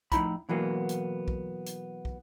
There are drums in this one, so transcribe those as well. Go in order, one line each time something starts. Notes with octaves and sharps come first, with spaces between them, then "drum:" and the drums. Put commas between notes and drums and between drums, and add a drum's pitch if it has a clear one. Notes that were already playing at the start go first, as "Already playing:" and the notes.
A2 F3 D#4 E4 A#5 B5, drum: kick, hi-hat
B2 E3 F#3 A#3 B3
drum: hi-hat
drum: kick
drum: hi-hat
drum: kick